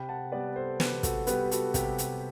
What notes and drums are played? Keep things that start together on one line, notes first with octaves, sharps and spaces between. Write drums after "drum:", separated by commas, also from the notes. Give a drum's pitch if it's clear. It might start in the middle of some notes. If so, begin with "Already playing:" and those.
Already playing: C3 G5 B5
F#5 A5
G3 B3 B4 D5
A4 C5
C3 G4 B4, drum: snare
F#4 A4, drum: kick, hi-hat
G3 B3 G4 B4, drum: hi-hat
F#4 A4, drum: hi-hat
C3 G4, drum: kick, hi-hat
drum: hi-hat